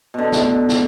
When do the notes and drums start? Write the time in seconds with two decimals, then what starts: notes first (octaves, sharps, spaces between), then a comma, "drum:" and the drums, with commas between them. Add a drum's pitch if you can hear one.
0.14 B2 D3
0.32 drum: snare
0.69 drum: snare